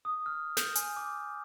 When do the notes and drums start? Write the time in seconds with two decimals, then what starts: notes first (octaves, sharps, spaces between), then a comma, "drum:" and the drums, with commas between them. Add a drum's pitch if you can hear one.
0.05 D#6
0.26 F6
0.57 G6, drum: snare
0.75 G#5, drum: hi-hat
0.97 D6